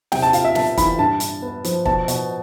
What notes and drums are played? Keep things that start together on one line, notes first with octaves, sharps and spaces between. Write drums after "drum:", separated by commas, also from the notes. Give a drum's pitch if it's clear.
C3 G5, drum: snare
A5
F4 F5, drum: hi-hat
E5
B3 A5, drum: snare
E3 B5, drum: kick, hi-hat
G2 A5
G2, drum: hi-hat
B3
F3, drum: hi-hat
B2 A5, drum: kick
B2, drum: hi-hat